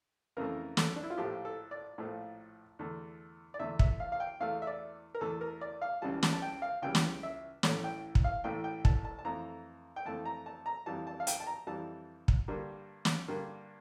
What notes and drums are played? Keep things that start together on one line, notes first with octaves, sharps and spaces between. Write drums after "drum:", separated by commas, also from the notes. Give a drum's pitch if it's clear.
F2 C#3 E3 A3 A#4
A4, drum: snare
D4
E4
F4
A#1 A2 F3 A3 G4
A4
D5
A#1 A2 F3 A3
E2 D3 A3
D5
E2 D3 A3 E5
E5, drum: kick
F5
F5
G5
E2 E3 A3 F5
E5
D5
A#4
E2 E3 A3 A4
A#4
D5
F5
C#2 C#3 E3 G3 A5
A5, drum: snare
A5
G5
F5
C#2 C#3 E3 G3 G5
drum: snare
E5
A1 A2 E3 A3 C#5, drum: snare
G5
drum: kick
F5
A1 A2 E3 A3 G5
G5
A5, drum: kick
A5
A5
F2 E3 A3 A#5
G5
F2 E3 A3 A5
A#5
A5
A#5
F2 E3 G3 A5
A5
F5
G5, drum: hi-hat
A5
A#5
F2 E3 G3 A5
drum: kick
G2 D3 G3 A#3
drum: snare
G2 D3 G3 A#3